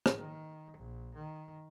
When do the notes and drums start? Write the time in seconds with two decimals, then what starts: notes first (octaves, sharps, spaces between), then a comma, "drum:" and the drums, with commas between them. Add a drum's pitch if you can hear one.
0.06 drum: rim click
0.17 D#3
0.77 A#1
1.15 D#3